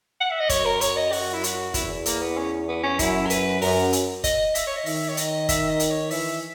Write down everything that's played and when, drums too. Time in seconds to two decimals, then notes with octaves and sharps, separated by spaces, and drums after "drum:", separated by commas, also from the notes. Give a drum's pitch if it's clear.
0.21 F#5
0.31 E5
0.40 D#5
0.49 F#2 C#5, drum: kick, hi-hat
0.66 A#4
0.81 C#5, drum: hi-hat
0.97 D#5
1.12 F#4, drum: open hi-hat
1.33 E4
1.44 F#4, drum: hi-hat
1.74 E2 E4, drum: kick, hi-hat
2.06 A#3, drum: hi-hat
2.21 B3
2.37 C#4
2.68 B3
2.84 C#4
2.99 F#2 E4, drum: kick, hi-hat
3.26 A#4
3.30 B4, drum: hi-hat
3.62 F#2 A#4, drum: open hi-hat
3.93 drum: hi-hat
4.24 D#5, drum: kick, hi-hat
4.55 E5, drum: hi-hat
4.67 C#5
4.76 D#5
4.86 D#3 E5, drum: open hi-hat
5.09 C#5
5.17 D#5, drum: hi-hat
5.49 E5, drum: kick, hi-hat
5.69 D#5
5.80 drum: hi-hat
5.90 C#5
6.11 E3 E5, drum: open hi-hat